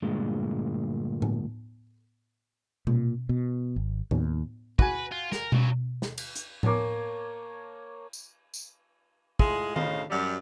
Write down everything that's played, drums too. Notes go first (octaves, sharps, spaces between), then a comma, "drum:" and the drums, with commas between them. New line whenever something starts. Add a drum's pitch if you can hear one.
D2 G2 A#2 G#3
drum: tom A2
A#2, drum: tom B2
B2
G#1
D#2, drum: tom A2
F#4 B4 G#5, drum: kick
F4
A#4, drum: snare
G2 F#3, drum: tom B2
drum: snare
drum: cymbal
drum: hi-hat
A#3 C#5 G#5 A5, drum: tom A2
drum: tambourine
drum: tambourine
A2 G#3 F4 G#4, drum: kick
D2 A2 C#3 C5 D#5 F5, drum: tom D#3
F#2 F#3 G3